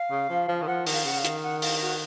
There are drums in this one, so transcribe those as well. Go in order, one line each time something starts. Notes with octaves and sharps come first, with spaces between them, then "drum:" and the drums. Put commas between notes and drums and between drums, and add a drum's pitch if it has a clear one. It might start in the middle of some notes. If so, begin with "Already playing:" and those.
Already playing: F5
C#3
F3
F3
D#3
F3 F#5
D#3, drum: open hi-hat
F5
C#3 F#5
F5
D#3, drum: hi-hat
F#5
F5, drum: open hi-hat
F#4